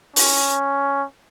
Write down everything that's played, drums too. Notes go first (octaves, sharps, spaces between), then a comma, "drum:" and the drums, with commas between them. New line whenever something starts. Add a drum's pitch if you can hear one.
C#4, drum: open hi-hat